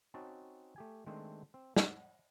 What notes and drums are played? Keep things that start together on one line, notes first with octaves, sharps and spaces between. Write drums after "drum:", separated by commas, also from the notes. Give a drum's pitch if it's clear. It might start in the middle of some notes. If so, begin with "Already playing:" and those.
C4 C#4 D#4 F#4 A5
A3 G4 G#5
D#3 G#3 A3 C4 D4 C5
C4
F#5, drum: snare